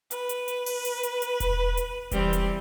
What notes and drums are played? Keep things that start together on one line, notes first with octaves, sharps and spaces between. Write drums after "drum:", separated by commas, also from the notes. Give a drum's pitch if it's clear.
B4, drum: hi-hat
drum: hi-hat
drum: hi-hat
drum: open hi-hat
drum: hi-hat
drum: hi-hat
drum: hi-hat
drum: kick E1, hi-hat
drum: hi-hat
E3 G3 C4, drum: kick E1, hi-hat
drum: hi-hat